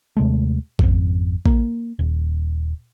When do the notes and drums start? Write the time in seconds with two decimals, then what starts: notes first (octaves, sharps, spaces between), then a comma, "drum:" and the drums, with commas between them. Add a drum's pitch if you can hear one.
0.17 D#2 C3 G#3 A3
0.79 G#1 F2, drum: kick A1
1.46 A#3, drum: kick A1
1.99 D#1